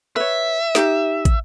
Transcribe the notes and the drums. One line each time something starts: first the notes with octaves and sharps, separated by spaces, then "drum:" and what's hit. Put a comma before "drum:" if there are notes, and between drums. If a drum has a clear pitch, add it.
B4 C#5 E5
D#4 G4 D#5, drum: snare
drum: kick, hi-hat